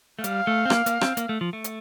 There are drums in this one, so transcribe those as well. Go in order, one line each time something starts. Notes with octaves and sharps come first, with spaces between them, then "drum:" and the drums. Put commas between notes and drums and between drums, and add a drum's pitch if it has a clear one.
A3
G3 F5, drum: hi-hat
A3
C4
A#3, drum: rim click
A#3, drum: hi-hat
C4, drum: rim click
A#3, drum: hi-hat
A3
F3
A3
drum: hi-hat